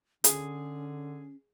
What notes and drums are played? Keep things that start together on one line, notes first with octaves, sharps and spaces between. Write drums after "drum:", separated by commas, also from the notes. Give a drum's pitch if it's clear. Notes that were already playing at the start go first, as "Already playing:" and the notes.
D3 C#4 G#4, drum: hi-hat